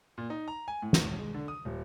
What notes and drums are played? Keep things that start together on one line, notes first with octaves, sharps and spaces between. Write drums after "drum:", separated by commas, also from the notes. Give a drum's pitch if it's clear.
A#2
D#4
A#5
G#5
A2
drum: snare
E1
G#3
D3
D#6
D#1